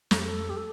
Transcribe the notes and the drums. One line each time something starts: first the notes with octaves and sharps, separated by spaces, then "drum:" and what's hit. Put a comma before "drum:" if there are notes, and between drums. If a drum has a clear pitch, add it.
F2 A4, drum: snare
G4
A4
G4
A4